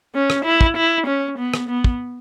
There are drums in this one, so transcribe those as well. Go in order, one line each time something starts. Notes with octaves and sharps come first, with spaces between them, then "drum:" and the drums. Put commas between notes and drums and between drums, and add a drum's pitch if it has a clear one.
C#4
drum: rim click
E4
drum: kick
E4
C#4
B3
drum: rim click
B3
drum: kick